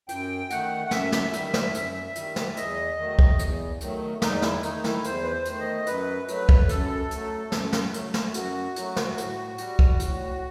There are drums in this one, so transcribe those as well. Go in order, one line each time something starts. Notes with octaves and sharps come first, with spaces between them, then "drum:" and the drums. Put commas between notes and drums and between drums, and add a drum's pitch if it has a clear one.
F#2 G5, drum: hi-hat
D#3 A3 F#5, drum: hi-hat
F#5
F#2 E5, drum: snare
drum: snare
D#3 G3, drum: hi-hat
drum: snare
F#2, drum: hi-hat
D#3 G3, drum: hi-hat
drum: snare
E2 D#5, drum: hi-hat
D#3 F#3 A3
drum: kick
E2, drum: hi-hat
D#3 F#3 A3, drum: hi-hat
E2 D#4, drum: snare
E4, drum: snare
D#3 A3 D#4, drum: hi-hat
E4, drum: snare
E2 C5, drum: hi-hat
B4
C5
D#3 A3, drum: hi-hat
D#5
F#2 B4, drum: hi-hat
F#3 A3 B4, drum: hi-hat
drum: kick
F#2 A4, drum: hi-hat
F#3 A3, drum: hi-hat
F#2, drum: snare
drum: snare
F#3 A3, drum: hi-hat
drum: snare
F#2 F#4, drum: hi-hat
F#3 A3, drum: hi-hat
drum: snare
A2, drum: hi-hat
G3, drum: hi-hat
drum: kick
A2, drum: hi-hat